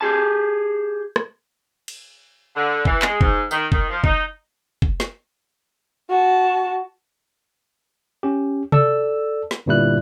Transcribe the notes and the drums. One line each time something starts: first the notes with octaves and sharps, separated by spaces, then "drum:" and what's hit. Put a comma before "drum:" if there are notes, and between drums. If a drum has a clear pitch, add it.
G4 G#4 A5
drum: rim click
drum: cymbal
D3
E3, drum: kick F#1
G#3, drum: clap
G#2, drum: kick F#1
D#3, drum: tambourine
D#3, drum: kick F#1
F3
D#4, drum: kick F#1
drum: kick F#1
drum: snare
F#4 A5
C#4 G4
A4 D5 E6, drum: tom C3
drum: snare
G1 G2 A#2 G3 E4 F#6